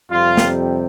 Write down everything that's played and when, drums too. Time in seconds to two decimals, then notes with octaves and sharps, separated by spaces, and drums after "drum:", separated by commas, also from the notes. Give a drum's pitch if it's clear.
0.12 F2 C3 G3 F4
0.37 drum: snare